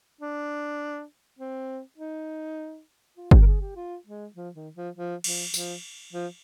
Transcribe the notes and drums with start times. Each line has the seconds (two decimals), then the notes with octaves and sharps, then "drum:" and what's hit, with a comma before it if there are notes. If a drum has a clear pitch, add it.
0.21 D4
1.39 C4
1.98 D#4
3.17 F4
3.31 G4, drum: kick G1
3.41 A#4
3.46 G#4
3.61 G4
3.76 F4
4.06 G#3
4.36 F3
4.55 D#3
4.76 F3
4.95 F3
5.24 F3, drum: cymbal
5.54 F3, drum: tambourine
6.13 F3